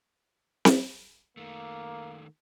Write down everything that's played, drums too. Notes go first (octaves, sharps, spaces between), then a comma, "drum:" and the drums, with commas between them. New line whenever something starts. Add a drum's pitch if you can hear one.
drum: snare C4
D#3 A3 A#3